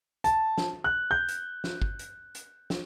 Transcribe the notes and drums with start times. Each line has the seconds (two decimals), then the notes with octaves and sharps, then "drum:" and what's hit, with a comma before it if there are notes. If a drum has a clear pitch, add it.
0.24 A5, drum: hi-hat
0.58 drum: snare
0.84 F#6
1.11 G6
1.28 drum: hi-hat
1.64 drum: snare
1.82 drum: kick
1.99 drum: hi-hat
2.35 drum: hi-hat
2.70 drum: snare